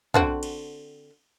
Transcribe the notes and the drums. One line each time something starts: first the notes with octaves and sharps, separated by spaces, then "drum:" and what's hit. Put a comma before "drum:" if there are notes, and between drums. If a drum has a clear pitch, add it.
D3 C4 F#4, drum: tom
drum: cymbal